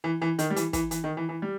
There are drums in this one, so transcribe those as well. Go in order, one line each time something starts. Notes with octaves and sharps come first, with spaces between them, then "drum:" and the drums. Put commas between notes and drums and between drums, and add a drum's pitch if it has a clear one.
E3
E3
D#3, drum: hi-hat
G3
E3, drum: hi-hat
E3, drum: kick, hi-hat
E3, drum: hi-hat
D#3
E3
E3
G3